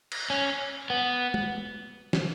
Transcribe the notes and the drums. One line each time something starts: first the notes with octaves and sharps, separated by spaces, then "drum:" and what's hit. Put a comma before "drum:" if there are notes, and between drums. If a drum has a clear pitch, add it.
drum: cymbal
C#4
B3
drum: tom
drum: snare